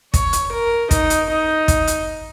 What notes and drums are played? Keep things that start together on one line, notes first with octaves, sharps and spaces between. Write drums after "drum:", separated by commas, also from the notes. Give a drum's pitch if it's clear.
C#5, drum: kick, hi-hat
drum: hi-hat
A#4
D#4, drum: kick, hi-hat
drum: hi-hat
D#4
drum: kick, hi-hat
drum: hi-hat